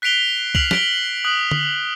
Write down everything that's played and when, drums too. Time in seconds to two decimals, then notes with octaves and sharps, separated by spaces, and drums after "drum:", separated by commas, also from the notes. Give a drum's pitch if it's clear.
0.02 F#6 B6 C7 D7 F7 G7
0.55 F6 B6 C7 D7 F7 F#7, drum: kick C2
0.71 B6 D7 G7, drum: snare
1.25 D#6 F#6 F#7
1.51 drum: tom D3